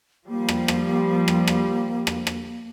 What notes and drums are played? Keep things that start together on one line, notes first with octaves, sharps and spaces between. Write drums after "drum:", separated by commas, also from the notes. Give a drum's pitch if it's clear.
F3 G3 A#3
drum: rim click
drum: rim click
drum: rim click
drum: rim click
drum: rim click
drum: rim click